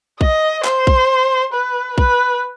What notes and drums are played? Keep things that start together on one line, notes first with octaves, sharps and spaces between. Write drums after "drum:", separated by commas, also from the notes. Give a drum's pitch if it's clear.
D#5, drum: kick A#1
C5, drum: clap
drum: kick A#1
B4
B4, drum: kick A#1